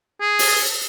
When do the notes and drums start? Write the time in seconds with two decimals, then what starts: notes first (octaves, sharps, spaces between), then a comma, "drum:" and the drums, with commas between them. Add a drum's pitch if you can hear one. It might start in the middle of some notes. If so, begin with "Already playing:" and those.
0.21 G#4
0.39 drum: open hi-hat